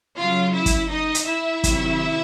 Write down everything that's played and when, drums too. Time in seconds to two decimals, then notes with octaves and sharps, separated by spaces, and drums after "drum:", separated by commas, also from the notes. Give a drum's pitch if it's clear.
0.17 C#3 F#3 F4 F5
0.53 E4 E5
0.66 drum: kick, hi-hat
0.90 D#4 D#5
1.15 drum: hi-hat
1.27 E4 E5
1.64 C3 D#3 F#3, drum: kick, hi-hat